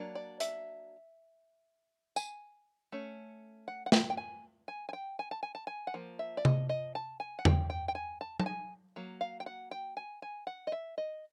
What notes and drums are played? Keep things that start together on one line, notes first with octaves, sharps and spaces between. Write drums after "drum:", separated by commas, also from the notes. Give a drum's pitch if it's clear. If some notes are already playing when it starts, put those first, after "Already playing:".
Already playing: F#3 A#3 D4
D5
E5, drum: hi-hat
G#5, drum: tambourine
A3 C#4
F#5
F#5
G5, drum: snare
G5
G#5
G#5
G#5
G5
G#5
A5
G#5
A5
G#5
F#5
F3 A#3
E5
D5
D#5, drum: tom C3
D#5
A5
G#5
F#5
G5, drum: tom E2
G5
G5
G#5
A5
A5, drum: tom F#3
G#5
F#3 A#3
F5
G5
F#5
G5
G#5
G#5
F#5
D#5
E5
D#5